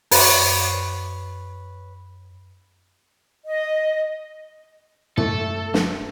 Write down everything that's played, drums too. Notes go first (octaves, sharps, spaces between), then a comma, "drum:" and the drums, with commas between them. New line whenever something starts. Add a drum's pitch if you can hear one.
F#2 B4 C#5 C6, drum: open hi-hat
D#5
A3 A4, drum: tom
drum: snare